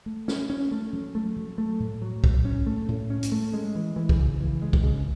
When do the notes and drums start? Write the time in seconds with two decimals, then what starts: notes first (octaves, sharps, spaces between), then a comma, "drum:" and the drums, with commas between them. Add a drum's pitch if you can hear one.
0.06 A3
0.28 C#4, drum: snare
0.50 C#4
0.71 A3
0.93 F#3
1.15 A3
1.36 F#3
1.58 A3
1.80 A2
2.02 F#3
2.24 A2, drum: kick
2.45 C#4
2.66 A3
2.88 A2
3.10 C#4
3.23 drum: hi-hat
3.32 A3
3.54 G#3
3.75 E3
3.96 E3
4.09 drum: kick
4.19 C#3
4.41 E3
4.62 G#3
4.73 drum: kick
4.83 C#3